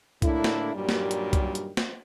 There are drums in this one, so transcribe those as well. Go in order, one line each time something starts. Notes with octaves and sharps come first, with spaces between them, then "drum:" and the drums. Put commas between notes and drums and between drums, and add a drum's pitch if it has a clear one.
A2 D3 A#3 D4 E4, drum: kick C2, hi-hat
drum: snare
G2 A#2 D#3 F#3 G3
drum: snare
drum: hi-hat
drum: kick C2, hi-hat
drum: hi-hat
drum: snare